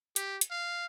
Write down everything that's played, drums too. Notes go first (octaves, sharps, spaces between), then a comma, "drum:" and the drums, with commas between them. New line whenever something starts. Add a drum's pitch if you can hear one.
G4, drum: hi-hat
drum: hi-hat
F5